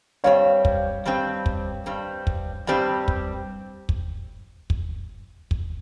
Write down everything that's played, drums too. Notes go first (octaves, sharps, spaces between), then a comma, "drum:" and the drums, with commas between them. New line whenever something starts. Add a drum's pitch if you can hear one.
G2 G3 C4 C#5 F5
drum: kick
G2 G3 C4
drum: kick
G2 G3 C4
drum: kick
G2 G3 C4
drum: kick
drum: kick
drum: kick
drum: kick